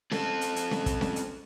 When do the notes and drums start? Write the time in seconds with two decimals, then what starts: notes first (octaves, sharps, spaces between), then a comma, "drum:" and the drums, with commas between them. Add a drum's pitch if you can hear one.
0.11 C4 A4, drum: snare C#4
0.41 drum: hi-hat
0.56 drum: hi-hat
0.71 drum: snare C#4
0.86 drum: kick, hi-hat
1.01 drum: snare C#4
1.16 drum: hi-hat